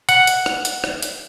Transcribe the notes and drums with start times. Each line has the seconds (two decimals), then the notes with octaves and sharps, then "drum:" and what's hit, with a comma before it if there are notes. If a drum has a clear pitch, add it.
0.09 F#5, drum: hi-hat
0.27 drum: hi-hat
0.46 drum: rim click
0.65 drum: hi-hat
0.84 drum: rim click
1.03 drum: hi-hat